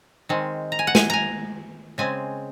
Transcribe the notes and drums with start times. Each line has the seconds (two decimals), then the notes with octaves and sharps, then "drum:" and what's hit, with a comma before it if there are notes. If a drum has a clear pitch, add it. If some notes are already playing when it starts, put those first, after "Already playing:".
0.29 D#3 G#3 C4
0.72 A#5
0.79 G#5
0.87 F#5
0.95 G#5, drum: snare
1.10 G#5 A#5
1.98 C#3 G#3 C4 G#5